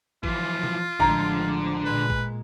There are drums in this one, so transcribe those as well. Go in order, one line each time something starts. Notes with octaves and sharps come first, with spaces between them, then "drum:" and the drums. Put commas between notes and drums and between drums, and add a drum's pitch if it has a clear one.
E3 F3 F4, drum: kick
drum: tom B2
A1 D3 F3 G#3 A#5, drum: kick
A#2 G#3 B4
drum: kick